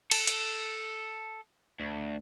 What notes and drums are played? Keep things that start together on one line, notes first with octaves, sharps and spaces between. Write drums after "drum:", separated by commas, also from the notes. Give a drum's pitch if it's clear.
A4, drum: cymbal
drum: hi-hat
D2